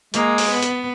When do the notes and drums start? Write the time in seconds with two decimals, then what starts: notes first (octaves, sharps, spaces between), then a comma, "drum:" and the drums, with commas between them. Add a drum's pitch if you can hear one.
0.14 G#3 A#3, drum: hi-hat
0.38 drum: open hi-hat
0.50 B3
0.62 drum: hi-hat